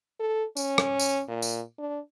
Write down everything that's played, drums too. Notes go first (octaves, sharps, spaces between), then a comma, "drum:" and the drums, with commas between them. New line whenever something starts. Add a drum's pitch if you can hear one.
A4
C#4, drum: tambourine
drum: rim click
drum: tambourine
A#2
drum: tambourine
D4